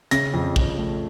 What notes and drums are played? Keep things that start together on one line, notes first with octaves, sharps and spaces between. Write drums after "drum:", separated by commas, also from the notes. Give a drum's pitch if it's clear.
C#3 A#6, drum: hi-hat
F2
F2, drum: kick
A3